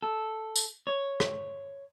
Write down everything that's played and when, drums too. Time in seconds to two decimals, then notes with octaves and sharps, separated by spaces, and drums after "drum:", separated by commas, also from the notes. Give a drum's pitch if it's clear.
0.03 A4
0.56 drum: tambourine
0.87 C#5
1.20 drum: rim click